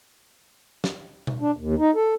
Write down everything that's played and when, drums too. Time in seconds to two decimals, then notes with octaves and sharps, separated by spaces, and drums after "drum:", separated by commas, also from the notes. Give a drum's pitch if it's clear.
0.84 drum: snare
1.27 drum: tom B2
1.41 D4
1.57 D#2
1.79 D#4
1.95 A4